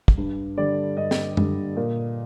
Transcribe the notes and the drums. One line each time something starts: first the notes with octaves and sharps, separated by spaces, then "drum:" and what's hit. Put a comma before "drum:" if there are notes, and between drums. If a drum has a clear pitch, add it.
drum: kick
G2
D3 G3 D5
G2 D#5
drum: snare
D3 G3, drum: tom
A#2